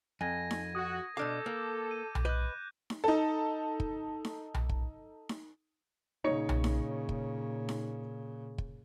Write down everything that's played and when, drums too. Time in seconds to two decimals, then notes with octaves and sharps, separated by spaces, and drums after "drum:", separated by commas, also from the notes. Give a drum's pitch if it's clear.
0.21 F2 G#5 G#6 A#6 D#7
0.51 drum: snare D#4
0.75 F#4 D#6
1.17 B2 D4 A4 F5 D6 G6
1.46 A#3
1.91 D#7
2.15 drum: tom B1
2.25 B4 D#5 F#6 G6
2.90 drum: snare D#4
3.04 D#4 A4
3.80 drum: kick
4.25 drum: snare D#4
4.54 drum: tom B1
4.69 drum: kick
5.29 drum: snare D#4
6.24 A#2 C#3 D#4 C#5 C#7
6.49 drum: tom B1
6.64 drum: snare D#4
7.09 drum: kick
7.69 drum: snare D#4
8.58 drum: kick